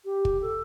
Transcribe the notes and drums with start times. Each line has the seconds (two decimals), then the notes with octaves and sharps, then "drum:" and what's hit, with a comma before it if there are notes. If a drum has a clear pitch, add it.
0.05 G4
0.25 drum: kick
0.41 A4